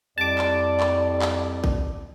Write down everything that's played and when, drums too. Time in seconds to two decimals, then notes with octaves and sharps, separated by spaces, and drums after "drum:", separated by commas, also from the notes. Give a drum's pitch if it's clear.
0.18 F2 G3 E4 D5 A5 D6
0.38 drum: clap
0.80 drum: clap
1.22 drum: clap
1.64 drum: kick